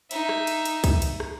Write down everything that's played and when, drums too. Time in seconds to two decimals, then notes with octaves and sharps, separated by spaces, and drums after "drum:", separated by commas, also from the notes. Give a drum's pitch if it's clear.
0.11 D#4 E5, drum: cymbal
0.29 drum: rim click
0.47 drum: cymbal
0.65 drum: cymbal
0.84 drum: kick C2, cymbal
1.02 drum: cymbal
1.20 drum: rim click